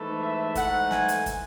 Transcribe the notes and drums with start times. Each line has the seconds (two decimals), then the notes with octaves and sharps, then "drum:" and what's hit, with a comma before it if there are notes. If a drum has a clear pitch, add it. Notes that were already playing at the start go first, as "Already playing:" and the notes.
Already playing: G#2 E3 A3
0.20 E5
0.55 G#2 E3 A3 F#5, drum: kick, hi-hat
0.91 G#5, drum: snare
1.08 drum: hi-hat
1.26 drum: kick, hi-hat